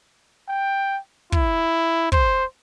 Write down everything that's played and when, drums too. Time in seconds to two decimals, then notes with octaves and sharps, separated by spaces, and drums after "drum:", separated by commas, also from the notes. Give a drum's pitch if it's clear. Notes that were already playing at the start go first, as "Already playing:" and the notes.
0.48 G5
1.32 E4, drum: kick
2.12 C5, drum: kick